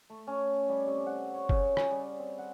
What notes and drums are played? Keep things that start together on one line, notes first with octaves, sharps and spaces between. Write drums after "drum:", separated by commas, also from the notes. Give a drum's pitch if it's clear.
A3
C#4
G3
C3
F#5
C#5
C#3, drum: kick G1
G#5, drum: rim click
G3
C4
F#5